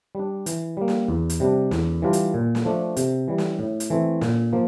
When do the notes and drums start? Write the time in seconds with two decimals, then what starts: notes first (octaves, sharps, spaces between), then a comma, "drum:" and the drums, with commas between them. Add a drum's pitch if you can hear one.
0.15 G3 D4
0.46 E3, drum: hi-hat
0.77 G3 A#3
0.88 drum: snare
1.08 E2
1.30 drum: hi-hat
1.40 C3 G3 D4
1.71 E2, drum: snare
2.02 E3 G3 D4 F4
2.13 drum: hi-hat
2.34 A#2
2.55 drum: snare
2.65 F3 A3 D4
2.97 C3, drum: hi-hat
3.28 E3 G3
3.38 drum: snare
3.59 A2
3.80 drum: hi-hat
3.90 E3 A3 C4
4.21 A#2, drum: snare
4.53 F3 A#3